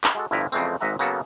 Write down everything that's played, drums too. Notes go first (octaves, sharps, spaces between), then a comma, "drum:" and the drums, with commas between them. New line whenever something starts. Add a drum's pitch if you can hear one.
drum: clap
G#3 F#4 A4
G1 G2 F3 E4 B4 A#5
F2 C#3 E3 G#3 A3 C4, drum: tambourine
G#1 G#2 D#5 E5 F#5 A#5
C#3 F#3 A#3 B3 F#4 A4, drum: tambourine